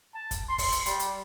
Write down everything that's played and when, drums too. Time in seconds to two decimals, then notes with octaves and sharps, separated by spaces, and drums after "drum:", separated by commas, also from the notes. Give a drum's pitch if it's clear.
0.14 A5
0.31 drum: kick, hi-hat
0.49 C6
0.58 drum: kick, open hi-hat
0.72 drum: hi-hat
0.86 G3, drum: hi-hat
0.99 drum: hi-hat